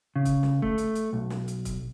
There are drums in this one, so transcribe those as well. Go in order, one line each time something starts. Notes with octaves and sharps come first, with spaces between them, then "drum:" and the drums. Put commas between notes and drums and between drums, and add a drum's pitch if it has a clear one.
C#3
drum: kick, hi-hat
drum: snare
A3, drum: kick
drum: hi-hat
drum: hi-hat
B1
drum: snare
drum: hi-hat
drum: kick, hi-hat